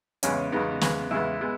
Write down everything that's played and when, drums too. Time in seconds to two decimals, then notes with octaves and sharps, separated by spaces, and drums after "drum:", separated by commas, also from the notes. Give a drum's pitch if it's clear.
0.23 E2 C#3 G#3 B3 C#4, drum: hi-hat
0.52 E2 C#3 G#3 B3 D#4
0.81 E2 C#3 G#3 B3, drum: snare
1.11 E2 C#3 G#3 B3 E4
1.41 G#3 B3